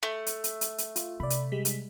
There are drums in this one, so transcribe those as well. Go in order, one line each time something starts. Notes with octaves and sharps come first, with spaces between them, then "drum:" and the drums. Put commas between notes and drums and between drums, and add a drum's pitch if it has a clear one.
A3
drum: hi-hat
drum: hi-hat
drum: hi-hat
drum: hi-hat
F4, drum: hi-hat
C3 D5 B5
drum: hi-hat
G3 G#3 B6
drum: hi-hat